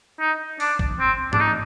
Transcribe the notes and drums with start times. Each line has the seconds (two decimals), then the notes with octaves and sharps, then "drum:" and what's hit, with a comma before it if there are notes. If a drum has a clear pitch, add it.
0.20 D#4
0.60 D4, drum: open hi-hat
0.79 drum: kick B1
1.00 C4
1.33 D4, drum: tom G#2
1.40 D#4